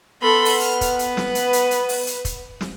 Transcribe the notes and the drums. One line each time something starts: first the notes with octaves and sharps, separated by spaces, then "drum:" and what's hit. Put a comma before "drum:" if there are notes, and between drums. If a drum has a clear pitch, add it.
B3 A4 B5 C6
drum: open hi-hat
F6, drum: hi-hat
drum: kick, hi-hat
B4, drum: hi-hat
drum: snare
drum: hi-hat
drum: hi-hat
drum: hi-hat
drum: open hi-hat
drum: hi-hat
drum: kick, hi-hat
drum: snare